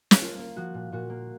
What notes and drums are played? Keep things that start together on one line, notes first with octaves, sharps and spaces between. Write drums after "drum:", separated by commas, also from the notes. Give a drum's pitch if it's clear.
drum: snare
A#3 F4
A#3
F3 F#4
A#2
A#2 F#4
A#3